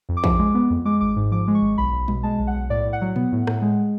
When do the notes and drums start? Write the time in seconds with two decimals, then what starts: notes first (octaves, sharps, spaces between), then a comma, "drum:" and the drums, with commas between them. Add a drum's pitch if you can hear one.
0.09 F2
0.17 D6
0.24 F3, drum: kick
0.39 G#3
0.54 B3
0.70 F2
0.85 G#3 D6
1.01 G#1 D6
1.16 G#2
1.31 F3 D6
1.48 G#3
1.55 C#6
1.62 G#1
1.78 B1 B5
1.93 B1
2.08 B2, drum: tom G3
2.23 G#3 A5
2.39 B1
2.47 F#5
2.55 B1
2.70 A2 D5
2.85 A2
2.93 F#5
3.01 F#3
3.16 B3, drum: tom A#2
3.32 A2
3.47 A2, drum: rim click
3.62 G#3